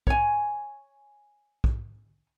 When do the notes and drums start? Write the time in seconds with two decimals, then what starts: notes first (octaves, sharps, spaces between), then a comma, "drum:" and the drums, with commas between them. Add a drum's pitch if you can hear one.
0.07 C#5 G#5, drum: kick
1.64 drum: kick